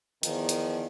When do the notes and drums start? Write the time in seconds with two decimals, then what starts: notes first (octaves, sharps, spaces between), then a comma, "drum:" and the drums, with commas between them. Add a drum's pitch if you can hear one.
0.23 E2 D#3 F3, drum: hi-hat
0.49 drum: hi-hat